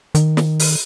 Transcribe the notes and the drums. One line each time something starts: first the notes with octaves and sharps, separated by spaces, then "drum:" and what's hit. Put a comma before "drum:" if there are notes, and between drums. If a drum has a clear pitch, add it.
D#3, drum: hi-hat
drum: snare
drum: open hi-hat